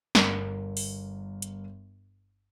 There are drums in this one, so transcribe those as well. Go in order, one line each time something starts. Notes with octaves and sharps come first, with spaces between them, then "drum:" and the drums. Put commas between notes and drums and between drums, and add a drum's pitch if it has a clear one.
G1 A#4, drum: snare
drum: open hi-hat
drum: hi-hat